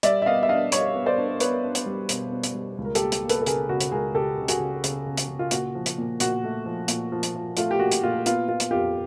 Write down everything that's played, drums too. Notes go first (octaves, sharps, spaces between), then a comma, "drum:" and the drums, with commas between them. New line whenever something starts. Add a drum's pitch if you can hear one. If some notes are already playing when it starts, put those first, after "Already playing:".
G3 D5 E5, drum: hi-hat
E5
B3 D#5 F5
E5
D4 D#5 F5
G3 C#5 D#5, drum: hi-hat
B3
C5 D5
D4
B3 B4 C#5, drum: hi-hat
D4
drum: hi-hat
G3
B2, drum: hi-hat
B3
drum: hi-hat
G3
C#2
A#4
G4 A4, drum: hi-hat
A#3
drum: hi-hat
A#3
A4 B4, drum: hi-hat
A4
C#3 G#4 A#4, drum: hi-hat
C#3 F#4
drum: hi-hat
C#2 G#4 A#4
C#2 G4 A4
C#3
F#4 G#4, drum: hi-hat
C#3
C#3, drum: hi-hat
C#3
drum: hi-hat
C#3
F4
A#2 F#4, drum: hi-hat
F3
drum: hi-hat
A#2
A#2 F#4, drum: hi-hat
A3
F3
A#2, drum: hi-hat
F3
drum: hi-hat
F3
A3 F4, drum: hi-hat
G4
A#2 F#4
drum: hi-hat
A#2 F4
B3 F4, drum: hi-hat
B3 F4
drum: hi-hat
F2 F4 G4